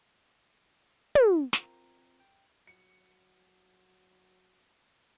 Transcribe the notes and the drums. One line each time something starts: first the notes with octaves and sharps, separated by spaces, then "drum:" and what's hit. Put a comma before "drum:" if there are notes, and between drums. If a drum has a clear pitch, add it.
drum: tom
C4 F4 A#4, drum: snare
G5
F#3 C#7